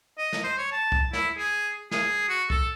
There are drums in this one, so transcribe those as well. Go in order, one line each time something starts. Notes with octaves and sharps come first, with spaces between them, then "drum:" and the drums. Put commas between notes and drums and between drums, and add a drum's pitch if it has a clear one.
D#5
drum: snare
C5
C#5
A5
drum: kick C2
E4, drum: snare
G#4
G#4, drum: snare
F#4
A4, drum: kick C2